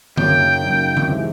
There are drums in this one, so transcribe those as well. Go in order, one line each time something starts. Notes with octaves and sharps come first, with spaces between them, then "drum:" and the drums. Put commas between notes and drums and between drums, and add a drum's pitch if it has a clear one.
F#2 C#3 F#3 A#3 D#4 G5, drum: tom D3
F#2 C#3 F#3 A#3 D#4
drum: tom D3
C3 E3 G#3